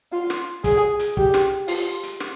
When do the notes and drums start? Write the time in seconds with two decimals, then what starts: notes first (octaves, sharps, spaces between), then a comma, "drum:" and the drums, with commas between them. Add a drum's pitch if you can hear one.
0.12 F4
0.30 drum: snare
0.64 G#4, drum: kick, hi-hat
0.99 drum: hi-hat
1.17 G4, drum: kick
1.34 drum: snare
1.68 F4, drum: open hi-hat
2.03 drum: hi-hat
2.20 drum: snare